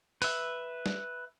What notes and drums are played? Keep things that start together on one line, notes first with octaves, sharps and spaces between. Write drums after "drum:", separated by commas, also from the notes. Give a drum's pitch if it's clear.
B4 E5, drum: open hi-hat
drum: snare